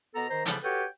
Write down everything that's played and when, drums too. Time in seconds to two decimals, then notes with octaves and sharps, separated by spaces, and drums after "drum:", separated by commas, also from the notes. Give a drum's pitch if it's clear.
0.15 B2 B3 A4 A#5
0.30 D#3 C5 A#5
0.46 A2 C#3 E3 F3 G3 B3, drum: hi-hat
0.64 F#4 G4 A4 B4 C#5 G5